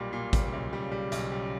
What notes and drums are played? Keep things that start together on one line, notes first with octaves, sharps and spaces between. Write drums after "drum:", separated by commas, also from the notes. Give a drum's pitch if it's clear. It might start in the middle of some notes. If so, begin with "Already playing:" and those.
Already playing: B1 A#2 G3
A#2
C#3 G3, drum: kick G#1, hi-hat
B1
G3
G3
B1, drum: hi-hat
G3